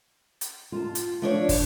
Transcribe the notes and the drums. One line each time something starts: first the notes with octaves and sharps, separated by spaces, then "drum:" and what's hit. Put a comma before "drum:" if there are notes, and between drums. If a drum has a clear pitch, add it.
drum: hi-hat
F4 A5
drum: hi-hat
F3 A3 D4 C#5
drum: kick, open hi-hat